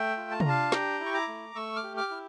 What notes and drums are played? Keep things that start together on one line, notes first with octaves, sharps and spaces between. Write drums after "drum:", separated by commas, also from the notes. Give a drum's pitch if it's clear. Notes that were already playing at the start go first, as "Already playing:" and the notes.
Already playing: A3 E5 G5
F4
A5
A#5, drum: tom C3
D4 F5 A5
G4 G5 A#5, drum: snare
E4
C#6
A#5 D6
A3
A3 C#6 E6
D6 F6
G4
D6 F6
E4